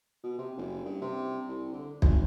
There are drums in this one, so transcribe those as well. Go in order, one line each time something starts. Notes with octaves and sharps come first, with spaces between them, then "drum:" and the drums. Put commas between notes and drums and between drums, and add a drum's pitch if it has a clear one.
B2
C3
F#1
G2
C3
C2
D3
G#1, drum: kick